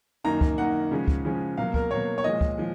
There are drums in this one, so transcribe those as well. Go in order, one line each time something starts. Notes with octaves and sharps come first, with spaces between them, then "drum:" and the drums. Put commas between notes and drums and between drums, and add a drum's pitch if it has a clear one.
F#2 D#3 A#3 D#4 A#5
drum: kick
F#2 D#3 A#3 D#4 F#5
C#3 F3 G#3 C#4
drum: kick
C#3 F3 G#3 C#4
B2 F#3 A#3 F5
A#4, drum: kick
B2 F#3 A#3 C#5
C#5
A#2 F3 G#3 D#5
drum: kick
F3 G#3